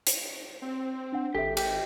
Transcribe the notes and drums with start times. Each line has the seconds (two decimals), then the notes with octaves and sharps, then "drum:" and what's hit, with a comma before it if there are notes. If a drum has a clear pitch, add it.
0.07 drum: hi-hat
0.62 C4
1.12 D4 F#5
1.35 G#1 G4 A4 E5
1.57 G4 G5, drum: cymbal